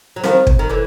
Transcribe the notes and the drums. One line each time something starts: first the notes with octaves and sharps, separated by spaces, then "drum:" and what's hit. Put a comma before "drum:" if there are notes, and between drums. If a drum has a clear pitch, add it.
F#3
D#3 F3, drum: snare C4
drum: kick
D#3
D3 E3